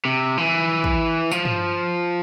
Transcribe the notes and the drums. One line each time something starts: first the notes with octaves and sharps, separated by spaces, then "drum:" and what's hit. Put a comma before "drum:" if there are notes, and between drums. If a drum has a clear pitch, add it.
C3
E3
drum: kick
F3, drum: tambourine
drum: tom